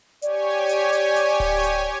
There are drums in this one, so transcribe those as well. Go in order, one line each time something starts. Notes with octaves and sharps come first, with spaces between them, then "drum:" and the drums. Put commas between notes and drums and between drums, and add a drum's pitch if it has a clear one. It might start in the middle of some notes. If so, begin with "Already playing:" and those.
G4 C#5 D5 G#5, drum: hi-hat
drum: hi-hat
drum: hi-hat
drum: hi-hat
drum: kick D1
drum: hi-hat